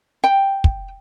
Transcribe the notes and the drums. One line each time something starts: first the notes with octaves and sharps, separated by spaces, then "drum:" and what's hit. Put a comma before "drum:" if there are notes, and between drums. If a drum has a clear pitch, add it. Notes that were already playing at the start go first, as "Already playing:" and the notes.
G5
drum: kick